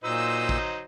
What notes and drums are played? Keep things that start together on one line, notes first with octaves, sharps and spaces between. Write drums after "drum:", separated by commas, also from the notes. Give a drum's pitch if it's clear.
A#2 F#3 D#4 C5 E6
drum: kick A1